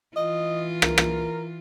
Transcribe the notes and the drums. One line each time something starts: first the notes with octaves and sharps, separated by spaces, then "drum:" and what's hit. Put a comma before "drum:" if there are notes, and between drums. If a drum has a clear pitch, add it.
E3 F4 D#5
A#4, drum: rim click
drum: rim click